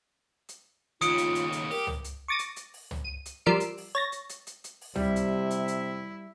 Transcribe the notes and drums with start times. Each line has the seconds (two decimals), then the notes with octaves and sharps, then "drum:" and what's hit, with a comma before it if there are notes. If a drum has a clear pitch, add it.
0.49 drum: hi-hat
1.01 D#2 C#3 F4 D#6 C#7 D7, drum: hi-hat
1.18 drum: hi-hat
1.35 drum: hi-hat
1.52 drum: hi-hat
1.71 G4 A#4, drum: open hi-hat
1.87 drum: tom C#2
2.04 drum: hi-hat
2.28 C#6 D6 A6 A#6 D#7
2.39 drum: hi-hat
2.56 drum: hi-hat
2.74 drum: open hi-hat
2.91 drum: tom C#2
3.04 D#7
3.25 drum: hi-hat
3.46 F3 G3 A#4 E6 C7 D7
3.60 drum: hi-hat
3.77 drum: open hi-hat
3.95 C#5 A6 A#6
4.12 drum: hi-hat
4.29 drum: hi-hat
4.47 drum: hi-hat
4.64 drum: hi-hat
4.81 drum: open hi-hat
4.96 C3 G3 E4 E5, drum: tom C#2
5.16 drum: hi-hat
5.51 drum: hi-hat
5.68 drum: hi-hat